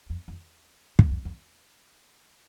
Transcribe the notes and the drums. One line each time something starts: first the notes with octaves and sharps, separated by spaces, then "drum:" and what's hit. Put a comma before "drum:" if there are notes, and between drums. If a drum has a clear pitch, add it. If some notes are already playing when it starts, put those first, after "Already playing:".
F2
F2
G2, drum: kick
F2
F2